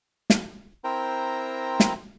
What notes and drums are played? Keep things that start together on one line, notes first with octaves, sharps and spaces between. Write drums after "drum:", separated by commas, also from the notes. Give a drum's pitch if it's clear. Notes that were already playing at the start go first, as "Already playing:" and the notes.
drum: snare
C4 E4 A#4 C5 G5 A#5
drum: snare